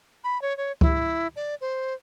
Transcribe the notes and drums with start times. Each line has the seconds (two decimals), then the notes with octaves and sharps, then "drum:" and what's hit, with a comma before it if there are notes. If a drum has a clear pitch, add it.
0.24 B5
0.42 C#5
0.57 C#5
0.81 E4, drum: kick C#2
1.36 D5
1.61 C5